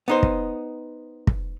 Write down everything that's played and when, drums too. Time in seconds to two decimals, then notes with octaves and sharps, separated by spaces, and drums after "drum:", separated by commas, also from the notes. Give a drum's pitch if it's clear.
0.08 B3 D#4 C5
0.23 drum: kick
1.27 drum: kick